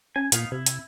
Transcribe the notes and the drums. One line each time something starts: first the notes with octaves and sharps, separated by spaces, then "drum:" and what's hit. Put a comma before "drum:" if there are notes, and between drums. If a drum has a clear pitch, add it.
C#4 G#5
A#2 B3 D#4 F5, drum: hi-hat
C3 E4
drum: hi-hat